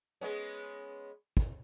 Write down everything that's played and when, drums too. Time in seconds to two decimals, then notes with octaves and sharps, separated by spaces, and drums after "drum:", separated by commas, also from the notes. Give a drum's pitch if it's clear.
0.21 G#3 B3 C#4
1.37 drum: kick